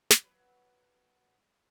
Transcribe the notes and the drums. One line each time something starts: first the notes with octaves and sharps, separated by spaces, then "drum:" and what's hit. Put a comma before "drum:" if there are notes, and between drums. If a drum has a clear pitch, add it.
drum: snare
F#3 B4